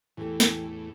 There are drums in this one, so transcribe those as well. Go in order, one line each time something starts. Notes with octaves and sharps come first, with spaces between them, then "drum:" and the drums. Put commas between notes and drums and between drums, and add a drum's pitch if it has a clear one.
E2 A2 E3 G4 A4
drum: snare